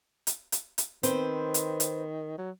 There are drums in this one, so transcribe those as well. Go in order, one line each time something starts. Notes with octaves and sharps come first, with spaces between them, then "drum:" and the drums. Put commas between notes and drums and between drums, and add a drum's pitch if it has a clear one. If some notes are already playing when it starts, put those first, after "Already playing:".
drum: hi-hat
drum: hi-hat
drum: hi-hat
D#3 C4 B4 C5, drum: hi-hat
drum: hi-hat
drum: hi-hat
F#3